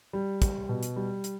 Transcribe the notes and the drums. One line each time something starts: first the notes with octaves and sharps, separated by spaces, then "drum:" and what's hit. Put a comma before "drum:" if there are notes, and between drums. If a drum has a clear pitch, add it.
G3
G3, drum: kick, hi-hat
B2
drum: hi-hat
G3
drum: hi-hat